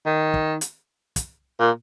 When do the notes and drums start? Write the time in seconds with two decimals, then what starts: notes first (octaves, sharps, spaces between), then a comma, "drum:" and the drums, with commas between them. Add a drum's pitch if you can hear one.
0.06 D#3
0.34 drum: kick
0.61 drum: hi-hat
1.16 drum: kick, hi-hat
1.60 A#2